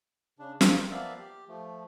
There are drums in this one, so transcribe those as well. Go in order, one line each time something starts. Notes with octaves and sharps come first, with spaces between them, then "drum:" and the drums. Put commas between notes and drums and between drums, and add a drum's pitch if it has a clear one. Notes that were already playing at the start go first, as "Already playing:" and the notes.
C#3 D4
C4 F4, drum: snare
F3 A#3 B3 D5 E5 F5
G4
F3 A3